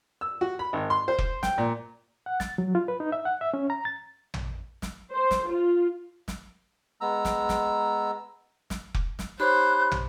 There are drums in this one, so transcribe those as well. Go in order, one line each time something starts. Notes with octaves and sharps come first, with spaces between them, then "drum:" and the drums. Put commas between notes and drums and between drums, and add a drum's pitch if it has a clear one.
E6
F#4
B5
G#1
C6
C5
drum: kick F1
G5, drum: snare
A#2
F#5
A6, drum: snare
F#3
F4
B4
D#4
E5
F#5
E5
C#4
A#5
A6
drum: tom
drum: snare
C5
drum: snare
F4
drum: snare
G#3 B3 A#5 E6
drum: snare
drum: snare
drum: snare
drum: kick F1
drum: snare
D#4 G4 C5 C#5 B5 F#6
drum: tom